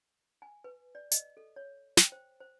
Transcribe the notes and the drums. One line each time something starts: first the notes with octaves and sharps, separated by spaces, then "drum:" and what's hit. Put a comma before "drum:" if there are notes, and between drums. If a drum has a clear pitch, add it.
G#5
B4
D5
D#5, drum: hi-hat
A4
C#5
G5, drum: snare
C5
C5